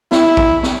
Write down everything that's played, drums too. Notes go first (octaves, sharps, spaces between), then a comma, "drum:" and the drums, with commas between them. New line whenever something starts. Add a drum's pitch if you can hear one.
E4, drum: snare
drum: kick
drum: snare